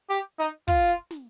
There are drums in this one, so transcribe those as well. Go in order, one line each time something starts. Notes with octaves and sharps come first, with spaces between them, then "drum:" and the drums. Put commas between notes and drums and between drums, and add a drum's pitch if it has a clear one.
G4
D#4
F4, drum: kick, open hi-hat
drum: hi-hat
drum: snare